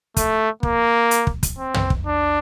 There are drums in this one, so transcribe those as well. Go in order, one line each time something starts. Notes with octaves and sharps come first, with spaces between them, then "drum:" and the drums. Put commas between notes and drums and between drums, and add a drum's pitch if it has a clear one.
A3, drum: kick, hi-hat
A#3, drum: kick
drum: hi-hat
drum: kick
drum: kick, hi-hat
C4
drum: tom
drum: kick
D4